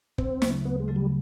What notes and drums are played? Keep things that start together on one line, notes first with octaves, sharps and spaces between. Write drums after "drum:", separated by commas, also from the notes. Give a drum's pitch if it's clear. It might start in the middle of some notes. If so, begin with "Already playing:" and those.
D2 C4, drum: kick
C#3 F#3 A3, drum: snare
D2 B3
G#3
C#3 F#3 A3
G3